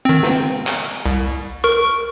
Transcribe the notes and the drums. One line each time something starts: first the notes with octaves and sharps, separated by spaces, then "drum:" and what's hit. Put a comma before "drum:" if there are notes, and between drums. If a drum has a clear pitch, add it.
D#3 C4
drum: snare
drum: clap
C2
A#4 C#6